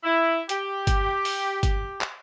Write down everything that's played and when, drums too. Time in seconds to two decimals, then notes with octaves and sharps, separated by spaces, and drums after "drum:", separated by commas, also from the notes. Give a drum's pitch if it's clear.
0.04 E4
0.49 G4, drum: hi-hat
0.87 drum: kick G1, hi-hat
1.25 drum: open hi-hat
1.63 drum: kick G1, hi-hat
2.01 drum: clap